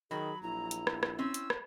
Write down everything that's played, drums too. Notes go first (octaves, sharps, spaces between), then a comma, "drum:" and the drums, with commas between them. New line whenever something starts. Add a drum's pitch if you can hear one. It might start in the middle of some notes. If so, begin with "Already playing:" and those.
D#3 F#3 G#4 B5
A#1 E4 A#5
drum: hi-hat
drum: rim click
drum: rim click
C4 C#4 E6
drum: hi-hat
drum: rim click